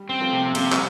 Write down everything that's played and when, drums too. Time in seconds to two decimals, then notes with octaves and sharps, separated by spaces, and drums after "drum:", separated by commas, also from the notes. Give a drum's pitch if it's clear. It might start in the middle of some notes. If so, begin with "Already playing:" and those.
Already playing: G3
0.09 C4
0.20 F3 A3
0.33 C3
0.55 C3 G3 A#3, drum: cymbal
0.72 drum: clap